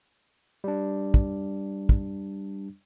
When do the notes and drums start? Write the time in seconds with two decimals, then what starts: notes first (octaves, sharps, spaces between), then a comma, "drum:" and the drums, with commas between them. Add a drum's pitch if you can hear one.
0.64 G3 D4
1.14 drum: kick
1.89 drum: kick